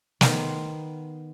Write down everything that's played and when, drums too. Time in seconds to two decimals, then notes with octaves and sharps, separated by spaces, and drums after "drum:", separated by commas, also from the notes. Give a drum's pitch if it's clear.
0.21 D#3 B3 C5, drum: snare